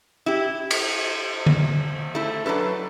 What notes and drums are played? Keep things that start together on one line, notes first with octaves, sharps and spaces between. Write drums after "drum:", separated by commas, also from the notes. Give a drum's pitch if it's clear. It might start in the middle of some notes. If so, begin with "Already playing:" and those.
E4 G4
drum: cymbal
drum: tom D3
A3 E4
F#3 D4 A4 B4